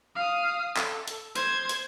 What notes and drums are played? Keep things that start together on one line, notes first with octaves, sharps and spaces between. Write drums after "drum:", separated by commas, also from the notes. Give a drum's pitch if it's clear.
F5 D#6
A4, drum: clap
drum: hi-hat
C5 G#6, drum: hi-hat
drum: hi-hat